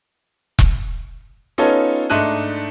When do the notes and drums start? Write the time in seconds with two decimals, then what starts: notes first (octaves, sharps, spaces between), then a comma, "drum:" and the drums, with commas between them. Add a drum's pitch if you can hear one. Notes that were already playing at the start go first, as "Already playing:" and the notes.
0.59 drum: kick E1
1.58 B3 C#4 D#4 F4 A4 C#5
2.09 G#2 A3 D4 D#4 F#6 D#7